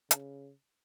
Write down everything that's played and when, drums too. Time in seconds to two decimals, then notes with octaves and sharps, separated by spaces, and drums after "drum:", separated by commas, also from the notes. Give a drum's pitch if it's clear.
0.11 C#3, drum: hi-hat